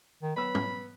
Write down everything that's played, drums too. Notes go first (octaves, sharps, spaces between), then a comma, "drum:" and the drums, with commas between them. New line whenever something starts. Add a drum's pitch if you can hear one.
D#3
F#3 B3 B5 E6
drum: tom G#2